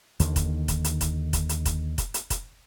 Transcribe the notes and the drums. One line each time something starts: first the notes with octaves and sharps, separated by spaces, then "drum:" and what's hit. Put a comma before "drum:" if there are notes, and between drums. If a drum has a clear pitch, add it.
D#2 D3 D#3, drum: hi-hat
drum: kick F1, hi-hat
drum: kick F1, hi-hat
drum: hi-hat
drum: kick F1, hi-hat
drum: kick F1, hi-hat
drum: hi-hat
drum: kick F1, hi-hat
drum: kick F1, hi-hat
drum: hi-hat
drum: kick F1, hi-hat